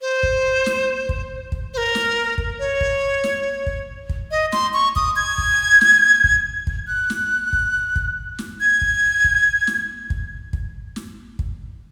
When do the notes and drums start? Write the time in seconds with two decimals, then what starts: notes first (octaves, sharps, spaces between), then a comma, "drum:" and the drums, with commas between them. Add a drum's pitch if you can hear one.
0.01 C5
0.23 drum: kick
0.66 drum: snare
1.09 drum: kick
1.52 drum: kick
1.74 C5
1.77 A#4
1.95 drum: snare
2.38 drum: kick
2.59 C#5
2.81 drum: kick
3.24 drum: snare
3.67 drum: kick
4.09 drum: kick
4.31 D#5
4.52 C6, drum: snare
4.74 C#6
4.96 D#6, drum: kick
5.16 G#6
5.38 drum: kick
5.81 drum: snare
6.24 drum: kick
6.67 drum: kick
6.88 F#6
7.10 drum: snare
7.53 drum: kick
7.96 drum: kick
8.39 drum: snare
8.61 G#6
8.81 drum: kick
9.24 drum: kick
9.67 drum: snare
10.10 drum: kick
10.53 drum: kick
10.96 drum: snare
11.39 drum: kick